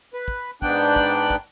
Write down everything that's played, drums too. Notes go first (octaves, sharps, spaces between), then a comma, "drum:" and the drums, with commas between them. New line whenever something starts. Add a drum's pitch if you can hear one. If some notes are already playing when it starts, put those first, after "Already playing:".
B4
drum: kick
G#2 B3 D4 G5 F#6, drum: kick
drum: kick
drum: kick